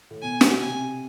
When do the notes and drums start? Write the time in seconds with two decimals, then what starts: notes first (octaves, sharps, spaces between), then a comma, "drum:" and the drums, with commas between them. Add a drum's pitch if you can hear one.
0.11 A2
0.22 B2 G#5
0.41 drum: snare
0.60 C3 G#5